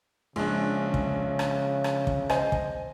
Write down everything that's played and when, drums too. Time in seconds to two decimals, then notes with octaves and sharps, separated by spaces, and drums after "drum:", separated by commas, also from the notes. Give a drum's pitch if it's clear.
0.36 A#1 C#3 G#3 D4
0.94 drum: kick
1.39 drum: rim click
1.84 drum: rim click
2.07 drum: kick
2.29 C5 D#5 G#5, drum: rim click
2.52 drum: kick